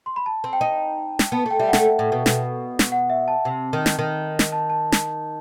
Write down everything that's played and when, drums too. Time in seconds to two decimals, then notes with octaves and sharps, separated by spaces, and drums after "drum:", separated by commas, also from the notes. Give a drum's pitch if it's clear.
0.06 C6
0.16 B5
0.26 A5
0.44 C4
0.53 G5
0.61 D#4
1.19 drum: snare
1.32 B3 A5
1.46 A3 G5
1.59 G3 E5
1.68 F#5
1.73 A3, drum: snare
1.99 A2
2.12 B2
2.26 B2, drum: snare
2.79 drum: snare
2.92 F#5
3.10 E5
3.28 A5
3.45 C3
3.73 D#3
3.86 drum: snare
3.99 D#3
4.39 drum: snare
4.52 A5
4.70 A5
4.92 drum: snare